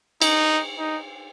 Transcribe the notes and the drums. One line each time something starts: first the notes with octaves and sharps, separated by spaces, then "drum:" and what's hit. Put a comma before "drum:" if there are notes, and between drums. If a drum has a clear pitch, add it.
D#4, drum: cymbal
D#4